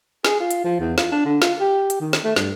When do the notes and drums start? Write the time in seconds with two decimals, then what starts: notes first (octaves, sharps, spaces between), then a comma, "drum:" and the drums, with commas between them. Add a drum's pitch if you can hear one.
0.25 G#4, drum: snare
0.40 F4
0.51 drum: hi-hat
0.65 F3
0.80 E2
0.98 F4, drum: snare
1.12 D4
1.25 D3
1.42 F4, drum: snare
1.60 G4
1.90 drum: hi-hat
2.01 D#3
2.13 drum: snare
2.24 A3
2.36 G2, drum: snare